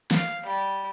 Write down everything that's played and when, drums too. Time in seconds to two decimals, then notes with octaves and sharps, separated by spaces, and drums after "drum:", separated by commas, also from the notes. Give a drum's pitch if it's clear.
0.11 F5, drum: snare
0.46 G3